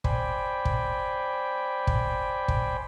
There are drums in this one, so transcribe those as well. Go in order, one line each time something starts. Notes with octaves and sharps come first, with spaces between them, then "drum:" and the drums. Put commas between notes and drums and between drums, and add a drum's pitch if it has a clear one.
C5 D5 G5 G#5 B5, drum: kick
drum: kick
drum: kick
drum: kick